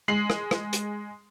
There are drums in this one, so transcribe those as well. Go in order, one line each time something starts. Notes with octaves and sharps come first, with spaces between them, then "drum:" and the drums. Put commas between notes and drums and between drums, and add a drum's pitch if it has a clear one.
G#3 C7 F#7
drum: rim click
drum: rim click
drum: hi-hat